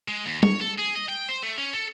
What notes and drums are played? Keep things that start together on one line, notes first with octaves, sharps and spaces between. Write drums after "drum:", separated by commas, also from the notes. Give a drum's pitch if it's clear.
G#3
D#2
C#5, drum: tom G3
A4
G#4
D#5
G5
C5
A3
C#4
A4